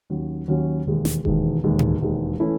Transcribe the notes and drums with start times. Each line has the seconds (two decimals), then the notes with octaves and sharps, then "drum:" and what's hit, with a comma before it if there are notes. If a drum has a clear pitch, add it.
0.10 D#2 D#3 F#3 C#4 F#4
0.48 D#2 D#3 F#3 C#4 F#4
0.86 E1 D#2 D#3 G#3
1.05 drum: snare
1.25 E1 D#2 D#3 G#3, drum: kick E1
1.63 E1 D#2 D#3 G#3
1.79 drum: tom A2
2.01 E1 D#2 D#3 G#3
2.40 E3 A3 C#4 E4